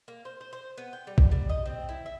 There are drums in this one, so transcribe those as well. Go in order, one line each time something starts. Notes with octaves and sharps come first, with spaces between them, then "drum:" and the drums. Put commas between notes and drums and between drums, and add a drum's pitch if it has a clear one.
A#3
C5
C5
C5
B3
G5
G3
drum: kick
G3
D#5
C4
E4
E5